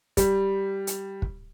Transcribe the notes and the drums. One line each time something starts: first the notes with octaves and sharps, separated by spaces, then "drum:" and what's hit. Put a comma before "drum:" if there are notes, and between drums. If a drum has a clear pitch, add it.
G3, drum: kick, hi-hat
drum: hi-hat
drum: kick